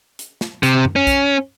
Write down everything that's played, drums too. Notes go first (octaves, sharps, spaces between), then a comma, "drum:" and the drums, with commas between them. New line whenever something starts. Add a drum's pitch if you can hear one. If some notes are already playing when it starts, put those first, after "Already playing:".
drum: hi-hat
drum: snare
C3, drum: hi-hat
drum: tom F#2
C#4
drum: kick, hi-hat